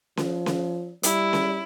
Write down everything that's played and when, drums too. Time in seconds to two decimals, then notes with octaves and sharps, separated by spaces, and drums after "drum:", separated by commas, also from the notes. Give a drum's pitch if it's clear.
0.17 F3, drum: snare C#4
0.46 drum: snare C#4
1.03 G3 E4, drum: hi-hat
1.33 drum: snare C#4